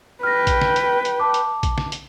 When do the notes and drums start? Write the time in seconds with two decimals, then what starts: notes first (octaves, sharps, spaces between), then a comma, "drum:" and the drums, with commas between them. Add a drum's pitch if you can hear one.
0.23 B4 G5 F6 A#6
0.47 drum: kick, hi-hat
0.61 drum: snare
0.76 drum: hi-hat
1.05 drum: hi-hat
1.20 A5 D6
1.34 drum: hi-hat
1.63 drum: kick, hi-hat
1.78 drum: snare
1.92 drum: hi-hat